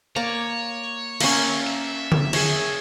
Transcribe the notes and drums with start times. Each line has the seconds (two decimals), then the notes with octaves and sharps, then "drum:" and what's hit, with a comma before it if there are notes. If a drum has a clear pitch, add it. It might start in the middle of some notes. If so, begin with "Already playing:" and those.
0.16 A#3 C#5 D5 A#5
1.20 A#3 C#4, drum: cymbal
1.67 E5
2.12 drum: tom D3
2.33 G#4 C#5, drum: cymbal